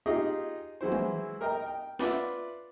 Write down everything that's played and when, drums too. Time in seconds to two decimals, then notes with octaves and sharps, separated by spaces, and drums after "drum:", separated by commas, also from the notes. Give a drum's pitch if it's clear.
0.06 D#4 F4 G4 G#4 D#5
0.81 E3 F#3 G#3 E4 C5
0.92 drum: tom
1.41 A#4 D#5 G5 A#5
1.66 G5
1.99 F4 B4 D5 E5 F#5, drum: snare